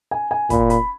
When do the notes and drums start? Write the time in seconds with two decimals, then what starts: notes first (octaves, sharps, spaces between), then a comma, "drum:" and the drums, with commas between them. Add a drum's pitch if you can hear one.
0.11 G#5
0.31 G#5
0.50 A#2 B5, drum: kick, hi-hat
0.70 B5, drum: hi-hat